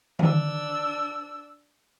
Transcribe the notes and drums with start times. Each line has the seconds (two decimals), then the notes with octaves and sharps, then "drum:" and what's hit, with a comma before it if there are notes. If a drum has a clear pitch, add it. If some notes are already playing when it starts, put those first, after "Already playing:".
0.19 D4 E6, drum: tom D3